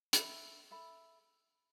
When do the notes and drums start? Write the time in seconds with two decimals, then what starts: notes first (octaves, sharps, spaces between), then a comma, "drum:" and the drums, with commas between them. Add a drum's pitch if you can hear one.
0.13 A4 E5 B5, drum: hi-hat
0.71 A4 E5 B5